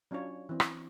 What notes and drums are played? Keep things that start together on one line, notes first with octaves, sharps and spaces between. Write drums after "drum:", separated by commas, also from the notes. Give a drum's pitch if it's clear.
F#3 C#4 D4 F4 C#5
E3 C4
drum: rim click